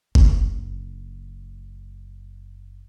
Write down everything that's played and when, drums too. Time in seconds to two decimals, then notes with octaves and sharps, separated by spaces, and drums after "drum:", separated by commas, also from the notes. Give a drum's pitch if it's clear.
0.15 F#1 D4, drum: kick F#1